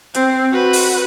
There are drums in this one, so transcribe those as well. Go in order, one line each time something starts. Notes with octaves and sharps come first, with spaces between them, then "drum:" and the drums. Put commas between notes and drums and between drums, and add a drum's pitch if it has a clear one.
C4, drum: hi-hat
F#4 B4
drum: open hi-hat